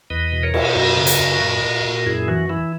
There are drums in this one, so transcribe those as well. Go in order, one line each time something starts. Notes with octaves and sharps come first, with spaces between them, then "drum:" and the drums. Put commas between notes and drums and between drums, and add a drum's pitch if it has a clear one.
E2 B4 D#5
B2
A#4 C#5
B2, drum: cymbal
F#2 F#4 A#4
C#3
drum: hi-hat
F#2
A#2
A#2
A#2
F#2 E4 G#4
E3 F#4
E3 E4